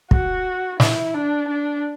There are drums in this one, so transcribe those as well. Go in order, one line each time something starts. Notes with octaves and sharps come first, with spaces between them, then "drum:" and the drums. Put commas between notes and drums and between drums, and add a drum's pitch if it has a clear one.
F#4, drum: kick
E4, drum: snare
D4
D4